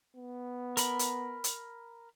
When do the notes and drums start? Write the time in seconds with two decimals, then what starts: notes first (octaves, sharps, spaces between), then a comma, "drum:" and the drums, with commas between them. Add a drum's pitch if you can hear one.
0.16 B3
0.77 A#4 B5, drum: hi-hat
0.99 drum: hi-hat
1.44 drum: hi-hat